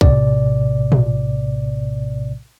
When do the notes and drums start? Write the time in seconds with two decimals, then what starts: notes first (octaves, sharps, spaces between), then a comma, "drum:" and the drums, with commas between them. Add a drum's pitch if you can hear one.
0.01 A#1 A2 C3 D5, drum: kick
0.92 drum: tom A#2